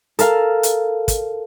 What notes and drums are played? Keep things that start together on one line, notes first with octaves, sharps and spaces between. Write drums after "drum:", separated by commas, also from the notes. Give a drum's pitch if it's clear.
A4 A#4 F5 A5, drum: hi-hat
drum: hi-hat
drum: kick, hi-hat